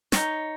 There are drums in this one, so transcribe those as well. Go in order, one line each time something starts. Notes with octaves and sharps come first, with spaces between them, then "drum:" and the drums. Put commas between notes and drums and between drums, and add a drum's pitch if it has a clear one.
D#4 F#4 C#5, drum: snare